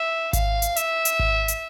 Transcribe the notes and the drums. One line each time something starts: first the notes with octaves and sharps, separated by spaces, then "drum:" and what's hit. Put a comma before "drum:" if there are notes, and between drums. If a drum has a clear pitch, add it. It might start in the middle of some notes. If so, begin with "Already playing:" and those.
Already playing: E5
F5, drum: kick G#1, hi-hat
drum: hi-hat
E5, drum: hi-hat
drum: hi-hat
drum: kick G#1
drum: hi-hat